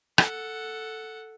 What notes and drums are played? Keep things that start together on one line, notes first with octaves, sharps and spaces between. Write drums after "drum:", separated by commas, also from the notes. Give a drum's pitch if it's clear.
A4 F#5, drum: rim click